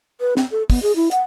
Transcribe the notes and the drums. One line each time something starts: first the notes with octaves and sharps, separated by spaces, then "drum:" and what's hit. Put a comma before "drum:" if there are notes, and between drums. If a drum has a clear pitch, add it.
B4
C4, drum: snare
A4
B3, drum: kick, open hi-hat
G#4
E4
F#5, drum: hi-hat